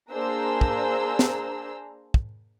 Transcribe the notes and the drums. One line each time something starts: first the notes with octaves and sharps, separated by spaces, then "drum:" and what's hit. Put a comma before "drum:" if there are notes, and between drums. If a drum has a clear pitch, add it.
A#3 D4 G#4 C5 A#5 E6
drum: kick
drum: snare
drum: kick